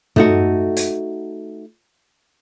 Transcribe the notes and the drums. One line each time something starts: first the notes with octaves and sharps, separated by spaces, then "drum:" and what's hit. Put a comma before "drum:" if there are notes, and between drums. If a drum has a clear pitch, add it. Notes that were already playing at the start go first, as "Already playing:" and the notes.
A3 D#4 F#4, drum: tom
drum: hi-hat